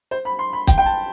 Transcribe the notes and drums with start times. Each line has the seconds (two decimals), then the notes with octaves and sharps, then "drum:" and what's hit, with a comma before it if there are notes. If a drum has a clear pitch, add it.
0.11 C5
0.25 B5
0.39 C6
0.53 B5
0.67 G5, drum: kick, hi-hat
0.78 G5
0.86 A5